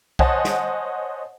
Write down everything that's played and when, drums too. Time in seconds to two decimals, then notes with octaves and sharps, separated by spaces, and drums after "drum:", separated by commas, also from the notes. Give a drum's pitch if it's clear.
0.19 C5 C#5 D#5 F#5 G#5 A5, drum: kick B1
0.45 drum: snare